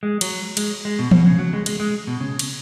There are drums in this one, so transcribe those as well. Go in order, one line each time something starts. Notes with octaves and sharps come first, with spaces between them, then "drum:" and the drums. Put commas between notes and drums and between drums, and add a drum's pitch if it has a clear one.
G#3
F#3, drum: cymbal
G#3, drum: cymbal
G#3
B2
B2, drum: tom E3
C#3
F#3
G#3
G#3, drum: cymbal
G#3
B2
C#3
drum: cymbal